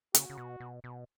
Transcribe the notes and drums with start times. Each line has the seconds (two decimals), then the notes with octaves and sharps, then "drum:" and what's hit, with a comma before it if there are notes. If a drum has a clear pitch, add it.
0.14 C#3 F#4, drum: hi-hat
0.30 C#3
0.38 B2
0.60 B2
0.84 B2